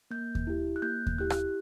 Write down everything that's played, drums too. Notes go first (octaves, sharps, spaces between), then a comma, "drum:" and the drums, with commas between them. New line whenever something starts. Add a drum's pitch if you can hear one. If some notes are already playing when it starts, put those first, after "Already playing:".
A#3 G6
drum: kick D#2
E4 G4
F#6
A#3 G6
drum: kick D#2
E4 G4 F#6
drum: rim click